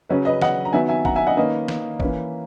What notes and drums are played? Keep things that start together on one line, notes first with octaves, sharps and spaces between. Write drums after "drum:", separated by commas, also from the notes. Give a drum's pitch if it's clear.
C#3 F#3 C#4 B4
B4 D#5
D#5 F#5, drum: snare
A#5
D#3 F#3 B3 E5 G#5
E5 G#5
F#5 A#5, drum: kick G#1
E5 G#5
D#5 F#5
D#3 A#3 C#4 B4 D#5
drum: snare
E3 A#3 C#4 B4, drum: kick G#1